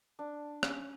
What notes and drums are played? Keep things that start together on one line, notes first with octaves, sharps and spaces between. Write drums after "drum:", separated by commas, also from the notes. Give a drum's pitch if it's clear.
D4
C#4, drum: rim click